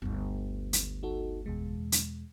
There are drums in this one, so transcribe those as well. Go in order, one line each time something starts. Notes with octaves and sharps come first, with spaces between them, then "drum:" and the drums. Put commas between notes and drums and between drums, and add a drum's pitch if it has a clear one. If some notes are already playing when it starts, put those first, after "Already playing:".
G1 D2
drum: hi-hat
D#4 F#4 A4
E2 B2 G#3
drum: hi-hat